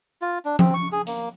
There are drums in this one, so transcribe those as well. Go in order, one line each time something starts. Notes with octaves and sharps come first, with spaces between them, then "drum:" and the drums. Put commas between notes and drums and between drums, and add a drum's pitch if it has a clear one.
F4
D4
C4, drum: tom F3
C#6
G#4
A#3, drum: hi-hat